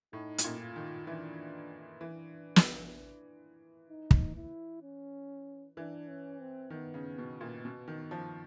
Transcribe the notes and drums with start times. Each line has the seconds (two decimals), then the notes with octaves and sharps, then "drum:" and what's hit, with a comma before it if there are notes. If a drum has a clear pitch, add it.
0.13 A2 D#4
0.38 A2, drum: hi-hat
0.44 A#2
0.60 F4
0.76 D#3
1.07 E3 D4
2.01 E3 D4
2.56 drum: snare
3.90 D#4
4.11 drum: kick
4.36 E4
4.83 C#4
5.77 E3 D4
6.09 C#4
6.40 C4
6.70 D#3 B3
6.94 C#3
7.18 B2
7.41 A#2
7.65 B2
7.88 D#3
8.11 F3